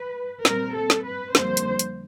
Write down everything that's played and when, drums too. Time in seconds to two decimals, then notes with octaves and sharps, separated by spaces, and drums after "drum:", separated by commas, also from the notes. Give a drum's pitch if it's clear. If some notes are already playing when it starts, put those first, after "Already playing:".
Already playing: B4
0.45 A#2 G3 C4 A#4, drum: snare
0.75 A4
0.90 drum: snare
1.04 B4
1.35 F2 D3 G3 A#3 C5, drum: snare
1.57 drum: hi-hat
1.79 drum: hi-hat